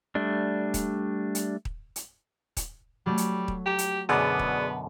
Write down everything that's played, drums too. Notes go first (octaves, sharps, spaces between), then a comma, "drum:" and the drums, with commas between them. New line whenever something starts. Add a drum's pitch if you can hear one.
G3 A3 D4
drum: kick D#1, hi-hat
drum: hi-hat
drum: kick D#1
drum: hi-hat
drum: kick D#1, hi-hat
F#3 G3 A3
drum: hi-hat
drum: kick D#1
G4 A#5
drum: hi-hat
F#2 B2 D3 B3 G#4 D5
drum: kick D#1